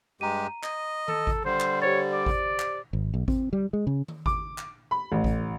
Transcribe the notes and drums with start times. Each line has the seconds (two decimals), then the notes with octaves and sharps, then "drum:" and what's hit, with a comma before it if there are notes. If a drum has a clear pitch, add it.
0.21 G2 G#3 G4 A#5 D#7
0.63 D#5, drum: clap
1.08 A4, drum: tom D#3
1.27 drum: kick G#1
1.45 D3 G3 C5
1.60 drum: clap
1.82 G4 C5 C#5 A6
2.13 D5
2.26 drum: kick G#1
2.59 drum: clap
2.93 G#1
3.14 B1
3.28 C4, drum: kick G#1
3.53 G3
3.73 G#3
3.87 C#3
4.08 drum: tom D#3
4.26 D6, drum: kick G#1
4.58 drum: clap
4.91 B5
5.12 A1
5.24 drum: kick G#1